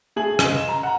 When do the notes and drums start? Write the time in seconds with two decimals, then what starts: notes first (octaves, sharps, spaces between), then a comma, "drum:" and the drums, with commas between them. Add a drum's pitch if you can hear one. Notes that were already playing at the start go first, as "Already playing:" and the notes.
0.16 A3 G#4 G#5 F#7
0.39 C#2, drum: rim click
0.57 E7
0.68 A#5
0.83 F#5 A#5